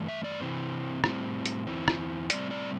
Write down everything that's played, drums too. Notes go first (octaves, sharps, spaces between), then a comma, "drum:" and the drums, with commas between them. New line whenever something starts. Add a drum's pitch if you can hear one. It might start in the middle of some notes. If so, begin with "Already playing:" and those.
Already playing: G2 E3 A3
E5
D5
C3 E3 C4
A2 G3 C4, drum: rim click
drum: hi-hat
E2 E3 C4
drum: rim click
A2 G3 C4 D5, drum: hi-hat
D5